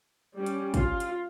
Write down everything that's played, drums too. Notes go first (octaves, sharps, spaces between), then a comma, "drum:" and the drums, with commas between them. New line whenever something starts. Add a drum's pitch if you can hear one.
G3 C#4
drum: hi-hat
F4, drum: kick, hi-hat
drum: hi-hat